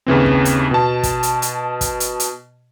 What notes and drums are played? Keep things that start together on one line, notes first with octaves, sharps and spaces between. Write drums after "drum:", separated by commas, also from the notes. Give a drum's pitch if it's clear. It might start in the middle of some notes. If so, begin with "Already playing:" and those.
D#2 C#3 E3 C4
drum: kick
drum: hi-hat
B2 A5
drum: kick, hi-hat
drum: hi-hat
drum: hi-hat
drum: kick, hi-hat
drum: hi-hat
drum: hi-hat